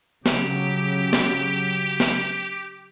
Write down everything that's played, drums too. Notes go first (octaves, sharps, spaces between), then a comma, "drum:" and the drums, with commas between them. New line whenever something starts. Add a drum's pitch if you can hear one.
C#3 F#3 G4, drum: snare
drum: snare
drum: snare